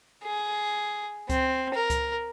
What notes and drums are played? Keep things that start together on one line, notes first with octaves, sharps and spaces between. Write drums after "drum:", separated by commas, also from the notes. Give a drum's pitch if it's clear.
G#4
C4, drum: kick C#2, hi-hat
A#4
drum: kick C#2, hi-hat